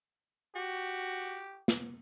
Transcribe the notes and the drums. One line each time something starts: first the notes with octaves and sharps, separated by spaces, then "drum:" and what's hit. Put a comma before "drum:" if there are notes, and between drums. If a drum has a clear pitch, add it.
F#4 G4
drum: snare